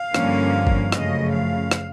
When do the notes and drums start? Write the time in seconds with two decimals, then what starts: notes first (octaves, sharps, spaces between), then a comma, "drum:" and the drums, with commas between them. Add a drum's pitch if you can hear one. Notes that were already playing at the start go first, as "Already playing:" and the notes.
Already playing: F5
0.14 G2 D3 F3 A#3 C#4, drum: rim click
0.67 drum: kick
0.92 F#2 C#3 F3 A3 D#5, drum: rim click
1.33 F5
1.71 drum: rim click